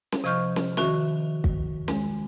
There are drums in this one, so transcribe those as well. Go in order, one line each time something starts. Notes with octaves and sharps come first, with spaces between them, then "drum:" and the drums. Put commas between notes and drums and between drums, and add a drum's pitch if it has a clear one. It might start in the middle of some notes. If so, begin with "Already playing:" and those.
drum: snare
C3 F3 D#5 C#6 F6 G6
drum: snare
D#3 F#4 E5 C#6, drum: snare
drum: kick
G#3, drum: snare